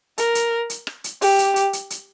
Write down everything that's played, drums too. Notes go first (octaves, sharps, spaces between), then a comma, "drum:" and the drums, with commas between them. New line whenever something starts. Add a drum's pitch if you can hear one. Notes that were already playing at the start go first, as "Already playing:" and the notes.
A#4, drum: hi-hat
drum: hi-hat
drum: hi-hat
drum: rim click
drum: hi-hat
G4, drum: open hi-hat
drum: hi-hat
drum: hi-hat
drum: hi-hat
drum: hi-hat